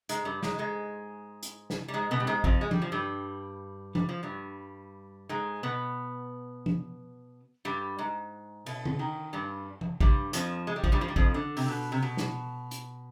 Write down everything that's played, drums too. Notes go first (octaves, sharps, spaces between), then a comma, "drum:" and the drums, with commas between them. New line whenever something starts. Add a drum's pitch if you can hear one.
G#2 G#3, drum: hi-hat
G2 G3
G#2 G#3, drum: snare
G#2 G#3
drum: hi-hat
drum: snare
G3
G#2 G#3
B2 B3
G3
G#2 G#3
F2 F3, drum: kick
G#3
G3, drum: tom F3
F3
G2 G3
G3, drum: tom F3
F3
G2 G3
G#2 G#3
B2 B3
drum: tom F3
G2 G3
G#2
B2, drum: cymbal
drum: tom D3
D#3
G2 G3
drum: tom F3
G2 G3, drum: kick
F2 F3, drum: hi-hat
G#3
G3
F3, drum: kick
G2 G3
F3
G3
F2 F3, drum: kick
D3
C3, drum: open hi-hat
B2
C3
B2
drum: snare
drum: hi-hat